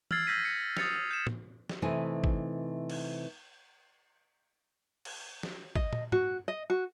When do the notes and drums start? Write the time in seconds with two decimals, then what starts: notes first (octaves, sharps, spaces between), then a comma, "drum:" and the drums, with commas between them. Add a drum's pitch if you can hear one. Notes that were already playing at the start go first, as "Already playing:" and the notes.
0.11 E6 F6 G#6 A6 C7, drum: tom
0.27 E6 G6 A#6 B6 D#7
0.45 C#7
0.77 D#6 A6 C#7 F7, drum: snare
1.11 G6 E7
1.27 drum: tom
1.69 drum: snare
1.82 C3 E3 A3 D#4 B4 G#5
2.24 drum: kick G#1
2.90 drum: cymbal
5.05 drum: cymbal
5.43 drum: snare
5.75 D#5, drum: kick G#1
5.93 drum: tom
6.12 F#4, drum: tom
6.48 D#5
6.70 F#4